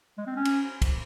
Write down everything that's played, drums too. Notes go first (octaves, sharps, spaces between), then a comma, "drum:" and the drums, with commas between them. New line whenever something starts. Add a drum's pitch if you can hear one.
G#3
C4
C#4
drum: cymbal
drum: kick, cymbal